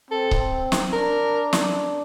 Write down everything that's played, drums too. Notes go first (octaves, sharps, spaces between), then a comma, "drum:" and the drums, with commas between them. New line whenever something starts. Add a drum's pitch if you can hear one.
C4 A4
drum: kick C#1
drum: snare
D4 A#4
drum: snare